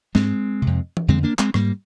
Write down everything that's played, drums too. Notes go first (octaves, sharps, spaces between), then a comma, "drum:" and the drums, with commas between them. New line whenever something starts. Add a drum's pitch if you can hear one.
G#2 G#3 C4, drum: snare
F2 C3
drum: tom E3
F2 D3 G#3 C4
A#3 D4
G#3 C4, drum: clap
G#2 G3 A#3, drum: rim click